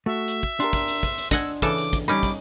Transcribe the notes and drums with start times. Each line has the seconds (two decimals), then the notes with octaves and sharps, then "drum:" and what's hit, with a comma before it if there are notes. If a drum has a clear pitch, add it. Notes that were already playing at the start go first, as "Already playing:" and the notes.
0.06 A3 F#4 E5
0.28 drum: hi-hat
0.43 drum: kick
0.60 D4 G4 A#4 C6, drum: hi-hat
0.73 drum: kick, hi-hat
0.88 drum: hi-hat
1.03 drum: kick, hi-hat
1.18 drum: hi-hat
1.31 D4 D#5 F#5 G#5 E6, drum: kick, hi-hat
1.62 C#3 E3 A4 D6, drum: kick, hi-hat
1.78 drum: hi-hat
1.93 drum: kick, hi-hat
2.08 G3 C#4 D#4 B5 D6
2.23 drum: kick, hi-hat